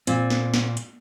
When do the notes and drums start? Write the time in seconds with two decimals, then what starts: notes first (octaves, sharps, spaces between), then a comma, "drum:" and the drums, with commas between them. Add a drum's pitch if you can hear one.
0.07 A#2 C4, drum: hi-hat
0.30 drum: snare
0.54 drum: snare
0.77 drum: hi-hat